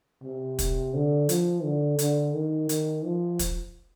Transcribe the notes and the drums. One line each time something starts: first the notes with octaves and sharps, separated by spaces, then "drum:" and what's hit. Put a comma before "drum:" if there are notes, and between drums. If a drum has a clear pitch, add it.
C3
drum: kick, hi-hat
D3
F3, drum: hi-hat
D3
D3, drum: hi-hat
D#3
D#3, drum: hi-hat
F3
drum: kick, hi-hat